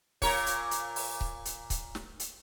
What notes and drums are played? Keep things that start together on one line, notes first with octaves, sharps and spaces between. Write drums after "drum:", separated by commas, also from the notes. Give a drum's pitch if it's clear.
A#2 A#4 C#5, drum: kick C#1, open hi-hat
drum: hi-hat
drum: hi-hat
drum: open hi-hat
drum: kick C#1
drum: hi-hat
drum: kick C#1, hi-hat
drum: snare
drum: hi-hat